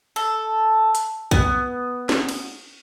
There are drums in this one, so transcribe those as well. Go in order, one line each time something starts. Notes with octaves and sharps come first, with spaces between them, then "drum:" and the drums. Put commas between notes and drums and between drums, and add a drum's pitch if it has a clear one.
A4
drum: hi-hat
B3, drum: kick
drum: snare
drum: cymbal